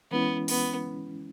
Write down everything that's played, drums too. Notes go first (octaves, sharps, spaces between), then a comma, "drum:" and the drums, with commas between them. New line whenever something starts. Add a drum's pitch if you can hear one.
E3 G#3 B3 C#4 E4
B3, drum: open hi-hat